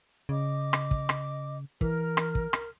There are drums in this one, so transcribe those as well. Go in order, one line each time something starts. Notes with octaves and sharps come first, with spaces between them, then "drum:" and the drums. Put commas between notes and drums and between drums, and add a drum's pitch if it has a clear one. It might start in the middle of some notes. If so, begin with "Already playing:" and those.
C#3 D#5 D6
drum: rim click
drum: kick
drum: rim click
E3 A#4 F6, drum: kick
drum: rim click
drum: kick
drum: rim click